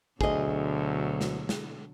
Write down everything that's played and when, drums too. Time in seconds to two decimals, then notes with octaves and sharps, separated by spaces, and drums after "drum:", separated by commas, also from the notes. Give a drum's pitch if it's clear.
0.21 D2 B2 D3 F#3 G#4 D#5, drum: kick
1.21 drum: snare
1.49 drum: snare